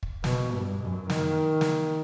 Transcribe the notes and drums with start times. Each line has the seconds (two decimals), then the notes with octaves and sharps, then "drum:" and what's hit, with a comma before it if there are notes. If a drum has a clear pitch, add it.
0.03 drum: kick
0.24 B2, drum: snare
0.52 G2
0.82 F#2
1.10 D#3, drum: snare
1.61 drum: snare